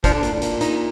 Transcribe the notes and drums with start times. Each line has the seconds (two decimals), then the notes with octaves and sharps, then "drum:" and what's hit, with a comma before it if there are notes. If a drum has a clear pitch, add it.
0.04 F3 D4, drum: kick, hi-hat
0.13 D3
0.23 A#2, drum: hi-hat
0.33 A2
0.42 A#2, drum: hi-hat
0.61 D#4, drum: hi-hat